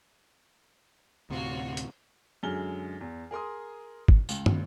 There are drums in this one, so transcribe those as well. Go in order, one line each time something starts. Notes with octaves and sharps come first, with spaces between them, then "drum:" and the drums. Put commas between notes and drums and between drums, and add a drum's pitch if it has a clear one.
D2 A2 C3 F4 F#4 C#5
drum: hi-hat
F#2 D3 G#3 G#4 F6 G7
E2
G#4 A#4 C6 D#6
drum: kick
C#2, drum: tambourine
drum: tom